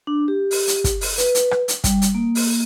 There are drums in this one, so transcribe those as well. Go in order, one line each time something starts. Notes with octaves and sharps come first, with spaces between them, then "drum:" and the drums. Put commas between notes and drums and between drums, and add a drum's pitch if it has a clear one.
D4
G4
drum: open hi-hat
drum: hi-hat
drum: kick, hi-hat
drum: open hi-hat
B4, drum: hi-hat
drum: hi-hat
drum: rim click
drum: hi-hat
G3, drum: kick, hi-hat
drum: hi-hat
A#3
drum: open hi-hat